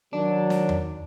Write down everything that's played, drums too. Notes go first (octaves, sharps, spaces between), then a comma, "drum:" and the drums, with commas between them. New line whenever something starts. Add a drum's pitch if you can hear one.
D#3 F#3 D4
drum: snare
drum: tom E2